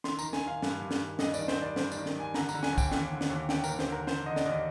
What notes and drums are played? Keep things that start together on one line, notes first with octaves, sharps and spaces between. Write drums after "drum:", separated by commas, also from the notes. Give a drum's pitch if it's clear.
D#3 C6, drum: snare
D#3 A#5, drum: tambourine
G#5, drum: snare
D#3 F5
G2, drum: snare
G2
drum: snare
D#3
G2 D#5, drum: snare
D5, drum: tambourine
D#3
C5, drum: snare
G2 D5
G2 C5, drum: snare
D#3 D5, drum: tambourine
drum: snare
G2 G#5
D3 A#5, drum: snare
A#5, drum: tambourine
D3
G#5, drum: snare
D#2
G5, drum: kick, tambourine
D#2, drum: snare
D3
drum: snare
D#2
D3 G5, drum: snare
A#4, drum: tambourine
D#2
C5, drum: snare
D3 A#4
D3 C5, drum: snare
D3 D#5
D5, drum: snare
D#2 D#5